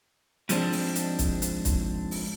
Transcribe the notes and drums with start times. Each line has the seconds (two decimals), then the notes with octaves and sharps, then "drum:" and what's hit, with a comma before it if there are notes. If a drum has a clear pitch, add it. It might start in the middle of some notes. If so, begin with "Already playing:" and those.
0.49 G#2 F3 G#3 C4 D4, drum: hi-hat
0.72 drum: open hi-hat
0.95 drum: hi-hat
1.19 drum: kick, hi-hat
1.42 drum: hi-hat
1.65 drum: kick, hi-hat
2.11 drum: open hi-hat